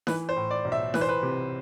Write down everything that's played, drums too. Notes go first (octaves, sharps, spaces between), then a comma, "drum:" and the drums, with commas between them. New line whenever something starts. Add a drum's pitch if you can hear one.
E3 B4, drum: snare D#4
C5
A2
D5
B1
E5
E3 B4, drum: snare D#4
C5
B4
C3